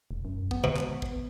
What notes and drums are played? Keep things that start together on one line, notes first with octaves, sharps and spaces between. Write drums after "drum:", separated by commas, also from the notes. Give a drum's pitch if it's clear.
E1
F#2
B3, drum: kick
B2
drum: clap
drum: kick